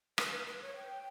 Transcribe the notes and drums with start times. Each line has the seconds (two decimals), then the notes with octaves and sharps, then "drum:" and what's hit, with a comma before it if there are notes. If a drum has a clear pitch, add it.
0.18 B4, drum: rim click
0.32 B4
0.47 B4
0.62 C#5
0.76 G5